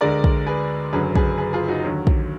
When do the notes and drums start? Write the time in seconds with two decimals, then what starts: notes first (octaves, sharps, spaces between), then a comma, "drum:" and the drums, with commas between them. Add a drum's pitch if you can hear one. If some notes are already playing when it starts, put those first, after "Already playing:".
0.01 D2 D3 G#3 A#4 D5
0.24 drum: kick
0.47 G#4 B4
0.93 F#1 F#2 D3 F#3 G#4 B4
1.15 G#4 B4, drum: kick
1.38 G#4 B4
1.53 F4 G#4
1.68 D#4 F#4
1.84 D#2 D3 F#3
2.07 drum: kick